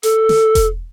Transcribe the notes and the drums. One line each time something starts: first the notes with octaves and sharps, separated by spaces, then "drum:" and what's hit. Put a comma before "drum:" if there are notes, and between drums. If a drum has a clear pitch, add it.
A4, drum: hi-hat
drum: snare
drum: kick E1, hi-hat